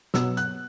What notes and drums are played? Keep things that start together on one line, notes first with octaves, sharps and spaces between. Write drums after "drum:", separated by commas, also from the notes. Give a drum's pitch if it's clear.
B2 F#3 B3 E6, drum: snare
F#6, drum: hi-hat